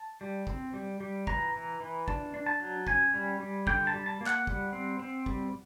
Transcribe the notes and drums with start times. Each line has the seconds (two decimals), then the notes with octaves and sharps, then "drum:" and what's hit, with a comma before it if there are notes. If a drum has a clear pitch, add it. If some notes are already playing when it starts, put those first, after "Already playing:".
Already playing: A5
0.21 G3
0.47 C4, drum: kick
0.73 G3
1.00 G3
1.27 E3 A#5, drum: kick
1.54 E3
1.80 E3
2.08 D4 A5, drum: kick
2.34 D4
2.46 A5
2.60 F#3
2.87 C#4 G#5, drum: kick
3.14 G3
3.40 G3
3.67 D3 G5, drum: kick
3.87 A5
3.94 G3
4.06 A5
4.21 A#3
4.26 F#5, drum: clap
4.47 G3, drum: kick
4.73 C4
4.99 C4
5.26 G3, drum: kick